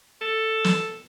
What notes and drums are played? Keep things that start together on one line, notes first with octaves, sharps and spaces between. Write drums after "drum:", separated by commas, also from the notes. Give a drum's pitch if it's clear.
A4
drum: snare